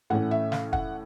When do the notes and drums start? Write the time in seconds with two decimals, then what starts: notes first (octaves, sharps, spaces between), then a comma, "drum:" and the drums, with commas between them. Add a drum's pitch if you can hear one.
0.10 A2 E3 A3 C#4 F#5
0.31 E5
0.52 F5, drum: snare
0.73 F#5, drum: kick